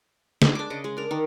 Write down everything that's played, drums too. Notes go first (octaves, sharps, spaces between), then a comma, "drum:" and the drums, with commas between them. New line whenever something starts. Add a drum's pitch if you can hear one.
G#3, drum: snare
D4 D6
C#3 D#5
G#3
D4 A#4
D#3